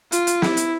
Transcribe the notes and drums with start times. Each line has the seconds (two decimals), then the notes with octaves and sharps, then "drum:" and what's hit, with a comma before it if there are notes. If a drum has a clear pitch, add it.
0.12 F4, drum: hi-hat
0.27 drum: hi-hat
0.42 E4, drum: snare
0.57 drum: hi-hat